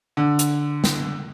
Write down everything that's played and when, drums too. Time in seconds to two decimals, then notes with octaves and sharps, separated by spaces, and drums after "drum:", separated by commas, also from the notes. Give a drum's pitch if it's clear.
0.17 D3
0.39 drum: hi-hat
0.84 drum: snare